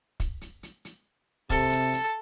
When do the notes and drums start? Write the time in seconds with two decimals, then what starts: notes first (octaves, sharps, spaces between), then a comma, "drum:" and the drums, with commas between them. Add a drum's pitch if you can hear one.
0.20 drum: kick, hi-hat
0.41 drum: hi-hat
0.63 drum: hi-hat
0.85 drum: hi-hat
1.50 C3 A4, drum: kick, hi-hat
1.72 drum: hi-hat
1.93 drum: hi-hat